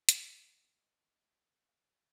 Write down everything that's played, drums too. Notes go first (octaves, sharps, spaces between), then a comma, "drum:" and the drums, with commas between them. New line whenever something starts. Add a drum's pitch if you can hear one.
D#4, drum: hi-hat
G#5
F4 D#5 F#5
D#4
D#4
G#3
C#3
D#3
F3 F5 G#5
C#3